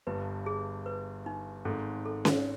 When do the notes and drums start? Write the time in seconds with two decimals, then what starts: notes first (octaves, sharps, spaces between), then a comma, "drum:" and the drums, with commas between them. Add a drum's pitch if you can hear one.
0.07 G1 G2 B4
0.46 G#4
0.86 B4
1.26 D#4
1.65 G#1 G#2 A4
2.05 A4
2.25 drum: snare C#4